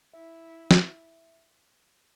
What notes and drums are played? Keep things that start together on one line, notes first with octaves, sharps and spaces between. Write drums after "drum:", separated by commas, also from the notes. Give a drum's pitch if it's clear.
E4 E5
drum: snare